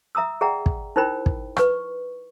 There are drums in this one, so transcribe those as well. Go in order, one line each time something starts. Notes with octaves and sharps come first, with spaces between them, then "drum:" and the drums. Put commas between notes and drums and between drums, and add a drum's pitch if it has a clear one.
E5 A#5 D#6 E6
G#4 D5 E5 F#5 G5 A#5
drum: kick
D#4 E4 A#4 C5 G5 B5
drum: kick
B4 C#6, drum: rim click